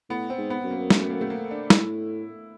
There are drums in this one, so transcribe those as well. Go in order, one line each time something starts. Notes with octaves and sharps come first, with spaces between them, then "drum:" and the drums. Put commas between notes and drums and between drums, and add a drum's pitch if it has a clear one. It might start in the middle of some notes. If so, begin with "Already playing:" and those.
A2 B3
C4
G#2
B3
F#2
A#3
A3, drum: snare
A#3
A3
A#3
D4
A2 E4, drum: snare